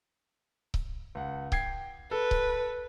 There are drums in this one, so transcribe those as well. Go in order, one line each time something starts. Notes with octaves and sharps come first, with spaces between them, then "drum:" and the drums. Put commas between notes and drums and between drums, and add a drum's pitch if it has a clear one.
drum: kick C#1
C#2 F#5
G5 G#6 C7, drum: kick C#1
A4 B4
drum: kick C#1